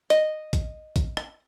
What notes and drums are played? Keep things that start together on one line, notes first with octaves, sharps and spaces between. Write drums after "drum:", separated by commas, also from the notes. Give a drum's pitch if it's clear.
D#5, drum: hi-hat
drum: kick A#1, hi-hat
drum: kick A#1, hi-hat
drum: rim click